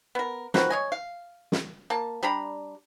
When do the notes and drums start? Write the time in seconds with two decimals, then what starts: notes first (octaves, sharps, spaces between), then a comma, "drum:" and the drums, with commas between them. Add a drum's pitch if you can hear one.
0.15 B3 A#4
0.54 D#3 F3 F#4 B4, drum: snare
0.70 C#5 D#5 G#5
0.92 F5
1.52 drum: snare
1.90 A#3 A5
2.23 G3 D4 A#5 B5